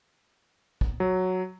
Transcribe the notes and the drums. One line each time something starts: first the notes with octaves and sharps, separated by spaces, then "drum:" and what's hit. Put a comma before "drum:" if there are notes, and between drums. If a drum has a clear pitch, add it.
drum: kick
F#3